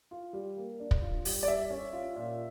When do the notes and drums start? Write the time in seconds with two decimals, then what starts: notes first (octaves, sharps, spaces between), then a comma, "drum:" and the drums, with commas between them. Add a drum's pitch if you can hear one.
0.11 F4
0.33 G3
0.57 A#3
0.80 D4
0.91 drum: kick
1.02 F4
1.25 G3, drum: open hi-hat
1.43 D5
1.48 G3 E5
1.70 C#4
1.93 F4
2.16 A#2